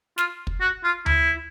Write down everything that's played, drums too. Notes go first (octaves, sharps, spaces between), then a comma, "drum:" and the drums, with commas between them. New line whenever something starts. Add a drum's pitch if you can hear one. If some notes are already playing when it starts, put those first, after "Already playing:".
F4, drum: snare
drum: kick
F#4
F4
E4, drum: tom D2